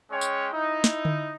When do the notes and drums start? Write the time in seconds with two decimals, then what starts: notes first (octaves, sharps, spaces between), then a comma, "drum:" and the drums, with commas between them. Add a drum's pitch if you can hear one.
0.10 G#3 C#4 C#5 G5
0.21 drum: tambourine
0.53 D#4 E4
0.84 drum: snare
1.05 drum: tom D3